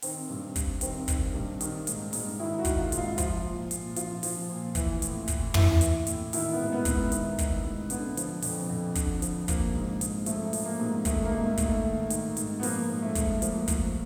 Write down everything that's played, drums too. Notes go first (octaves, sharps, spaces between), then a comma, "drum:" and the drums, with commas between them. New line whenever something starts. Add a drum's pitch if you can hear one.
D#3 C4, drum: open hi-hat
G2
G2, drum: kick, hi-hat
D#3 C4, drum: hi-hat
D#3, drum: kick, hi-hat
G2
D#3, drum: hi-hat
G#2, drum: hi-hat
G#2, drum: open hi-hat
D#3 E4
F#4
D#3, drum: kick, hi-hat
F4
G#2, drum: hi-hat
F4
F3 F4, drum: kick, hi-hat
A#2
A#2, drum: hi-hat
F3 F4, drum: hi-hat
F3, drum: open hi-hat
A#2
E3, drum: kick, hi-hat
A2, drum: hi-hat
A2, drum: kick, hi-hat
E3 E4, drum: tom
E3, drum: hi-hat
A2, drum: hi-hat
D#3 E4, drum: open hi-hat
B3
G#2
B3
G#2, drum: kick, hi-hat
B3
D#3, drum: hi-hat
D#3, drum: kick, hi-hat
G#2
D3 B3, drum: hi-hat
F3, drum: hi-hat
F2, drum: open hi-hat
F2
D3, drum: kick, hi-hat
F3, drum: hi-hat
F3 A#3, drum: kick, hi-hat
G#2
G#2, drum: hi-hat
F3 A3, drum: hi-hat
F3, drum: open hi-hat
A#3
G#2
D#3 A3, drum: kick, hi-hat
A#3
G#2
A3
G#2, drum: kick, hi-hat
A3
D#3
D#3, drum: hi-hat
G#2, drum: hi-hat
B3
F3 A#3, drum: open hi-hat
G#2
A3
G#2, drum: kick, hi-hat
F3 A#3, drum: hi-hat
F3, drum: kick, hi-hat